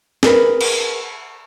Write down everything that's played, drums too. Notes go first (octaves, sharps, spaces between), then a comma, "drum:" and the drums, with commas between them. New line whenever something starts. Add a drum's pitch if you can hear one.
G#4 A#4 B4, drum: snare
drum: cymbal